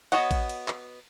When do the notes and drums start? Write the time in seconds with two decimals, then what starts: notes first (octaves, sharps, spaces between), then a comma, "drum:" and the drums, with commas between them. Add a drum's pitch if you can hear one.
0.12 B3 F#4 C#5 D#5 F#5, drum: cymbal
0.31 drum: kick A1, cymbal
0.49 drum: cymbal
0.68 drum: clap